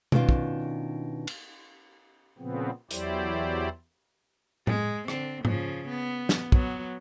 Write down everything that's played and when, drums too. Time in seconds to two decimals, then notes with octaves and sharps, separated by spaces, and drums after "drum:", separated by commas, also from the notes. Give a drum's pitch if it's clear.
0.12 B2 D#3 C#4 D4 F4, drum: tom B2
0.29 drum: kick
1.27 drum: cymbal
2.38 A#2 C#3 F3 B3 C4
2.91 E2 F#3 E4 G4 C5 D5, drum: hi-hat
4.67 G#3, drum: tom A2
5.08 D3 C4, drum: rim click
5.45 C#3 F3, drum: tom G#2
5.89 B3
6.29 drum: snare
6.52 F#3 B3, drum: kick